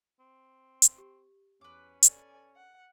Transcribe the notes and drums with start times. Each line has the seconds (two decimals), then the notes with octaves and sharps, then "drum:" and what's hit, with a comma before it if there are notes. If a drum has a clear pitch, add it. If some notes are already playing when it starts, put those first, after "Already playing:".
0.20 C4
0.82 drum: hi-hat
0.98 G4
1.61 E2 C#4 B4 D6
2.03 A4 D5 G#5, drum: hi-hat
2.56 F#5